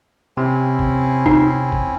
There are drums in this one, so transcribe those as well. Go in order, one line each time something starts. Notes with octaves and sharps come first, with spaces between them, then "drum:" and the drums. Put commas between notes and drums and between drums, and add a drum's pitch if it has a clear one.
C3 C4 C#4 E4
drum: kick G#1
D#4, drum: kick G#1
drum: kick G#1